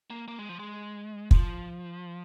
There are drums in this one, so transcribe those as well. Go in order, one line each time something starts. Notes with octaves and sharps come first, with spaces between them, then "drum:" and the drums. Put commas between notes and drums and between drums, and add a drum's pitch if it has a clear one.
A#3
A#3
G#3
F3
G#3
F3, drum: kick